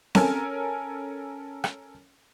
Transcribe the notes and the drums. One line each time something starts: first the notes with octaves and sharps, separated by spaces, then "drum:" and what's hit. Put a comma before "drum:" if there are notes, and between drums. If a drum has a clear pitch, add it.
C#4 A4 A#4 G#5, drum: snare C4
drum: rim click